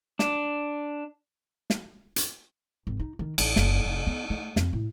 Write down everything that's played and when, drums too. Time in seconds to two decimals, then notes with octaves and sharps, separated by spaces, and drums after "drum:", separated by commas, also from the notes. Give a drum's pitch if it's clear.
0.19 D4, drum: snare
1.70 drum: snare
2.16 drum: hi-hat
2.87 G#1
3.00 D#4
3.19 D#3
3.38 A1, drum: cymbal
3.56 F#1, drum: snare
3.85 F1
4.07 B3
4.30 A3
4.56 F2, drum: snare
4.73 A2